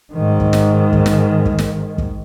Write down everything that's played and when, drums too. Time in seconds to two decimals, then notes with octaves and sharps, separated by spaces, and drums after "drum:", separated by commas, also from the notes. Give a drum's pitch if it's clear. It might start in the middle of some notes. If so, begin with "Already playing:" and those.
0.13 G#2 D#3
0.40 drum: kick
0.53 drum: snare
0.92 drum: kick
1.06 drum: snare
1.45 drum: kick
1.59 drum: snare
1.98 drum: kick